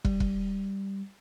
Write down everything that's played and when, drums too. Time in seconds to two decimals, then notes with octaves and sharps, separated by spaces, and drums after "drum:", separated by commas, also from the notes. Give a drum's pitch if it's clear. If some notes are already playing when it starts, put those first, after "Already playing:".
0.05 G3, drum: kick
0.20 drum: kick